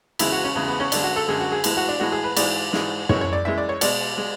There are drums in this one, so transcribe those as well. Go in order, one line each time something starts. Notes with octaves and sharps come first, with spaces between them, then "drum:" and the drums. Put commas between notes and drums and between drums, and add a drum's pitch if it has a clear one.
E2 C#3 G#3 E4, drum: cymbal
F#4
C#4
E2 C#3 G#3
B3
C#4
F#2 D3 G#3 D4, drum: cymbal
F#4
A4
F#2 D3 G#3 G#4
F#4
G#4
A2 E3 G#3, drum: cymbal
F#4
D4
A2 E3 G#3 F#4
G#4
B4
G#2 E3 G#3 D5, drum: cymbal
G#2 E3 G#3, drum: snare
F#2 E3 G#3 C#5, drum: tom
C#5
D5
F#2 E3 G#3 E5
D5
C#5
B2 G#3 D5, drum: cymbal
G#3